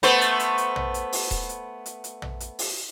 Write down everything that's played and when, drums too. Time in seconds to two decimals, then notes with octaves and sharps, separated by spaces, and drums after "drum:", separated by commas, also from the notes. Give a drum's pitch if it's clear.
0.03 A3 B3 C5, drum: hi-hat
0.21 drum: hi-hat
0.39 drum: hi-hat
0.58 drum: hi-hat
0.76 drum: tom A#1
0.94 drum: hi-hat
1.12 drum: open hi-hat
1.31 drum: kick D#1, hi-hat
1.49 drum: hi-hat
1.86 drum: hi-hat
2.04 drum: hi-hat
2.22 drum: tom A#1
2.40 drum: hi-hat
2.59 drum: open hi-hat